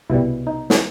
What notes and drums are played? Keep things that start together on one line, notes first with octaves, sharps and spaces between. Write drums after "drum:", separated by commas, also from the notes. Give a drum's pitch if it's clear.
C2 B2 G3 E4
D#4
drum: snare